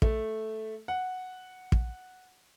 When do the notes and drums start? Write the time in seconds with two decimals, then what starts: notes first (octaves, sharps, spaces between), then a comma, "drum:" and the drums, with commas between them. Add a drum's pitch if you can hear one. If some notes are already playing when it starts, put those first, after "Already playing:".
0.02 A3, drum: kick
0.88 F#5
1.72 drum: kick